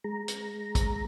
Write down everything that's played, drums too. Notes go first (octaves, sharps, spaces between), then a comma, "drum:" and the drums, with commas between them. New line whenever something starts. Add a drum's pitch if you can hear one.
G#3 A#5
drum: hi-hat
drum: kick, hi-hat